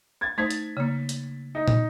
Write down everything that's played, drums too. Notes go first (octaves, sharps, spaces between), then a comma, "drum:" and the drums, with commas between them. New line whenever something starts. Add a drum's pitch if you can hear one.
G#6 A6
A3 D#4 C5 G#6 B6
drum: hi-hat
C#3 A#3
drum: hi-hat
D#4
drum: tom